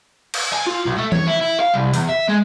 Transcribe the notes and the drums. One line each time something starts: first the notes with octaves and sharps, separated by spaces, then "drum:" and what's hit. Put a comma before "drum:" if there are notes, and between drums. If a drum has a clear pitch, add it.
drum: cymbal
G#5
F4
B1
A3
C#5, drum: tom E3
E4
E4
F5
C2
E2, drum: open hi-hat
E5
G#3